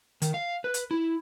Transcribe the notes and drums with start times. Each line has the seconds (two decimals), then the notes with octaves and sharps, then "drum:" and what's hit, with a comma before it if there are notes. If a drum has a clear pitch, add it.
0.22 D#3, drum: hi-hat
0.34 F5
0.64 B4
0.74 drum: hi-hat
0.91 E4